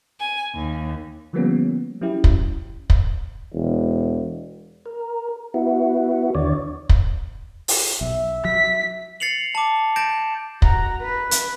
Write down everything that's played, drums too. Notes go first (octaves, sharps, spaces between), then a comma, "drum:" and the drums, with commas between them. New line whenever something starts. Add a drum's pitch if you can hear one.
G#5
D#2
D3 F3 G3 A#3 B3 C#4
F#3 C#4 E4 G4
drum: kick
drum: kick
E1
A#4
B3 E4 F#4
D#2 D3 C#5 D5
drum: kick
drum: open hi-hat
B1 E5
F#3 B6
A6 C7 C#7 F7 F#7
A5 D6
G6 A6 A#6 D7 E7
F#4 A#5, drum: kick
B4
drum: hi-hat